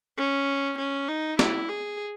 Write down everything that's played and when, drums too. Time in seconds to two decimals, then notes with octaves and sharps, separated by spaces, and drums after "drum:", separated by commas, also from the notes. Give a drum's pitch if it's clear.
0.17 C#4
0.78 C#4
1.08 D#4
1.39 E4, drum: snare
1.69 G#4